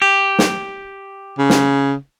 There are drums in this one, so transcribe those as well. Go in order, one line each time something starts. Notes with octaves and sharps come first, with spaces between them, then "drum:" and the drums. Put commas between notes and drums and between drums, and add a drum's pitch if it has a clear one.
G4
drum: snare
C#3
drum: snare